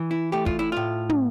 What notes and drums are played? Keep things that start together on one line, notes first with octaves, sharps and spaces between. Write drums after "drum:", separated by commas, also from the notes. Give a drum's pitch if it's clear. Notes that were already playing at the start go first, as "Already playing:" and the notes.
Already playing: E3
E4
A3 G4
F4, drum: kick
E4
A2 F4
drum: tom